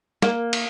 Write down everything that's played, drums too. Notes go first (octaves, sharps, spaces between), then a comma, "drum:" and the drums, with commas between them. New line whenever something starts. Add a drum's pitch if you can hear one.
A#3, drum: snare
drum: cymbal